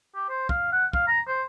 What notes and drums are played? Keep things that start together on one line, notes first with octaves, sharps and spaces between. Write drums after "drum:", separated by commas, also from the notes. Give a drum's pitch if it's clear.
G4
C5
F5, drum: kick
F#5
F5, drum: kick
A#5
C5